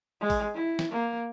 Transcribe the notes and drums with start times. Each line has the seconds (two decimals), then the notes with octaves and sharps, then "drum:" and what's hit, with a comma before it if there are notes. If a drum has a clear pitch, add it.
0.21 G#3
0.30 drum: kick, open hi-hat
0.54 E4
0.79 drum: snare
0.92 A#3